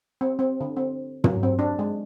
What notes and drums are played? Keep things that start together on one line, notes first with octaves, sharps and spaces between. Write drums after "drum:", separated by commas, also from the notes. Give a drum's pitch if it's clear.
C4
C4
D3
C4
F#3, drum: tom
C4
D4
G#3